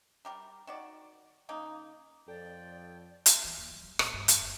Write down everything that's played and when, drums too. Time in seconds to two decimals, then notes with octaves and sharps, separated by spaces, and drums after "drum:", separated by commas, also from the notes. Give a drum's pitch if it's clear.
0.25 G3 G4 A#4
0.67 D#3 F#4 D5
1.49 C#3 A#3 D#4
2.28 F2 A4 D5 G5
3.26 drum: hi-hat
3.44 E3
3.57 D#2
3.71 F#3
3.83 F#3
3.99 A2, drum: rim click
4.14 G2
4.28 F2, drum: hi-hat
4.41 F#1